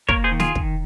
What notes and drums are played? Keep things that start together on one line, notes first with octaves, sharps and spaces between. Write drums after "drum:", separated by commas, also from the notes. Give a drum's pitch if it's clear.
A#3 A#4 C#5, drum: kick
G#4 C5
D#3
F4 G#4, drum: snare
D#3, drum: kick